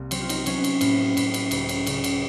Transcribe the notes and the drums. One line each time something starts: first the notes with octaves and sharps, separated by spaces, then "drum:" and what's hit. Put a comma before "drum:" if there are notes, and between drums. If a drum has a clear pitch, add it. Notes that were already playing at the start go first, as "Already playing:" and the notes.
Already playing: C2 A#3
F#3 C4, drum: cymbal
F4
D#4, drum: cymbal
F#3 C#4, drum: cymbal
C#4, drum: cymbal
A2 A#3, drum: cymbal
A2, drum: cymbal
drum: cymbal
C#2, drum: cymbal
drum: cymbal
C#3, drum: cymbal
drum: cymbal